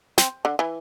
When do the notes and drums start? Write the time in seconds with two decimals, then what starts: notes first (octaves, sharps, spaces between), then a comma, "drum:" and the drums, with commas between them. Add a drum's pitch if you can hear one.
0.18 C4, drum: snare
0.45 D3
0.59 E3